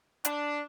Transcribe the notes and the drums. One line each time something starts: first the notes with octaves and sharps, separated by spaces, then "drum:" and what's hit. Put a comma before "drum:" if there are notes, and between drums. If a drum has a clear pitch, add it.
D4, drum: hi-hat